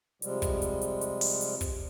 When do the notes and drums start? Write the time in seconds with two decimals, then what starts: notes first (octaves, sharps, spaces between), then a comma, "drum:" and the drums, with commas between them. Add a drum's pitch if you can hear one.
0.22 C3 F3 G3 G#3, drum: hi-hat
0.42 drum: kick, hi-hat
0.62 drum: hi-hat
0.81 drum: hi-hat
1.01 drum: hi-hat
1.21 drum: open hi-hat
1.41 drum: hi-hat
1.61 drum: kick, hi-hat